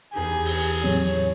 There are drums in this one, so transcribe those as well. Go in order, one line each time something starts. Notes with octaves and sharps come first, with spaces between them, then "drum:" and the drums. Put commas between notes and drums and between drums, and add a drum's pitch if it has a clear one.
E2 D#4 G4 G#4
drum: open hi-hat
A2 F#3 C4 C#5